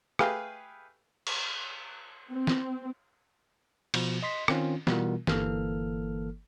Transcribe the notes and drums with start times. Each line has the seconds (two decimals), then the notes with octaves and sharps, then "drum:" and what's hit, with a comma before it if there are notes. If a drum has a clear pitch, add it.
0.19 A3 G4 G#4 B4 F5 G5, drum: rim click
1.27 drum: cymbal
2.32 C4
2.47 drum: snare
3.94 B2 F3, drum: cymbal
4.23 D#5 C6 B6
4.48 D#3 C4 C#4 F4, drum: rim click
4.87 B2 E3 G3 B3 F4 A#4, drum: snare
5.27 G1 E3 A#3 A4 F6, drum: snare